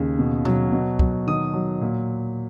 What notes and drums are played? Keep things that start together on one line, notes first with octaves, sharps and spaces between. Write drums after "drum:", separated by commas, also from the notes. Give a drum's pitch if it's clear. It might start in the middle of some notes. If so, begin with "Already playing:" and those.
Already playing: D#2 C#3
B2
F#3, drum: tom B2
B2
F#3, drum: kick
D#3 D#6
F#3
A#2